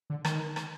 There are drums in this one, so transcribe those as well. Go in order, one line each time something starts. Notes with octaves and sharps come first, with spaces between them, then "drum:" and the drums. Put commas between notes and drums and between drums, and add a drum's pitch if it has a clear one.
D3
D#3, drum: rim click
drum: rim click